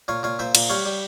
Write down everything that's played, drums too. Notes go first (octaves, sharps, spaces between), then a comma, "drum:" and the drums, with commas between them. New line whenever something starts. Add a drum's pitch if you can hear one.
A#2 C#5 F5
A#2 C#5 F5
A#2 C5 E5
A#2, drum: cymbal
G3 C#5 F5
G3